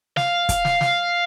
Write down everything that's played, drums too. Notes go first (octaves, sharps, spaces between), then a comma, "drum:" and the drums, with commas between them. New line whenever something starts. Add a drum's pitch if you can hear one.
F5, drum: snare
drum: kick, hi-hat
drum: snare
drum: snare